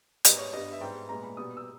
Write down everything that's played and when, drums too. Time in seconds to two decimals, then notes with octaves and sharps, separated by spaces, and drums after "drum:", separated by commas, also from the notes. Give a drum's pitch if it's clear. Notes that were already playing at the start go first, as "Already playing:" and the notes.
0.25 G#2 G3 B3 D#5, drum: hi-hat
0.38 C#5
0.53 G2 G3 B3 D#5
0.72 E5
0.81 G#2 G3 B3 G5
1.09 A#2 G#3 B3 A#5
1.23 B5
1.37 B2 G3 B3 D#6
1.57 E6